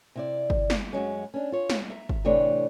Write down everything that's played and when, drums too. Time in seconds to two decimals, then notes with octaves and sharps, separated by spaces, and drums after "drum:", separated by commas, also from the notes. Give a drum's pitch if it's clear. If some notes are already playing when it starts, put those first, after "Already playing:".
0.15 C3 E4 D5
0.50 drum: kick
0.70 drum: snare
0.93 F#2 F#3 G#3 C#4
1.34 C#4 D4
1.52 F4 C#5
1.70 drum: snare
1.89 E5 A#5
2.09 drum: kick
2.25 A2 C3 E3 A3 D4 C#5